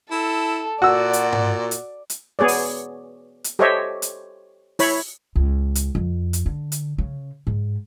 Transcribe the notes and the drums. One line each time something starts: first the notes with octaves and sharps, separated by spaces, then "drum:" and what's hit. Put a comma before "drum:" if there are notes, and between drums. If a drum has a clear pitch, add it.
E4 A4
A#2 F#4 D5 E6
drum: hi-hat
drum: tom G#2
drum: hi-hat
drum: hi-hat
B3 G#4 C#5 D5
drum: open hi-hat
drum: hi-hat
G4 A4 C5 C#5 D#5 E5
drum: hi-hat
E4 C#5 B5, drum: open hi-hat
C#2
drum: hi-hat
F2
drum: hi-hat
D3
drum: hi-hat
C#3
G#2